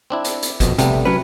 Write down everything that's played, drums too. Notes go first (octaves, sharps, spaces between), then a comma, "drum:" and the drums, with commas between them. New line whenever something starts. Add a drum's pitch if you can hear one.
C4 D4 E4
drum: hi-hat
drum: hi-hat
A#1 F2 B2, drum: kick, hi-hat
C3 G3 A3 B3, drum: hi-hat
F#3 C#4 B4